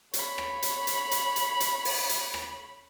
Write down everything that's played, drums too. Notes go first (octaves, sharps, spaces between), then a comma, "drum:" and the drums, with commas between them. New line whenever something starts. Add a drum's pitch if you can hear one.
C#5 B5, drum: hi-hat
drum: rim click
drum: hi-hat
drum: hi-hat
drum: hi-hat
drum: hi-hat
drum: hi-hat
drum: open hi-hat
drum: hi-hat
drum: rim click